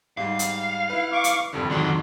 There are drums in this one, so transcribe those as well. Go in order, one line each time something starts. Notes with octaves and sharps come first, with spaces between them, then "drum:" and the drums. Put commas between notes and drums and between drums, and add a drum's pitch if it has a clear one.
G#2 G3 F5
drum: hi-hat
E4 B4
F5 C#6 D6
drum: hi-hat
G#1 F2 D3 G3
F2 G#2 D3 D#3 F#3 C6